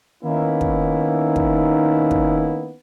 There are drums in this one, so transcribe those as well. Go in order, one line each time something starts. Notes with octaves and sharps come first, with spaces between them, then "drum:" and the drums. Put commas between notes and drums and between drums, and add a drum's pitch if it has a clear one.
D#3 A#3 B3 C#4 D#4 E4
drum: kick
drum: kick
drum: kick